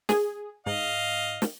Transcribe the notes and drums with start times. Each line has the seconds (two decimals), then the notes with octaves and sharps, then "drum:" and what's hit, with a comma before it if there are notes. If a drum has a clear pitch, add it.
0.09 G#4, drum: snare
0.66 G#2 D#5 F5
1.42 drum: snare